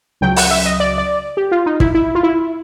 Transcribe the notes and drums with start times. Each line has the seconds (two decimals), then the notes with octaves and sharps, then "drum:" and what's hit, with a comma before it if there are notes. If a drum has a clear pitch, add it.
0.21 C#2 C#3 F#3 G5
0.36 F#5, drum: open hi-hat
0.51 E5
0.65 D#5
0.80 D5
0.98 D5
1.37 G4
1.52 F4
1.66 D#4
1.80 E4, drum: kick
1.95 E4
2.15 F4
2.23 E4